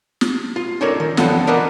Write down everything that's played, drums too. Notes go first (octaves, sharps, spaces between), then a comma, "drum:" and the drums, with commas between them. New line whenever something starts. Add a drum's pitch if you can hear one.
drum: snare
F4
C#4 D#4 A4 A#4 C#5 D5
D#3
D3 E3 F3 B3 C4 A4, drum: snare
A#4 B4 D5 D#5 F#5 A#5